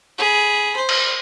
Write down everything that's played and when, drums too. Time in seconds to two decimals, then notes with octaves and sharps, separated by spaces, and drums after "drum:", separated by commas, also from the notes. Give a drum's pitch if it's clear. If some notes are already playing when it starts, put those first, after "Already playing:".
0.18 G#4 B5
0.76 C5
0.89 drum: cymbal